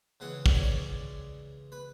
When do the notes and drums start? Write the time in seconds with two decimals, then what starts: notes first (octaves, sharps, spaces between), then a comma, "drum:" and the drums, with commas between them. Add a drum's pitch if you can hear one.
0.20 C#3 E3 G#3 F#5
0.46 D5, drum: kick
0.55 C#5
0.63 D5
1.72 B4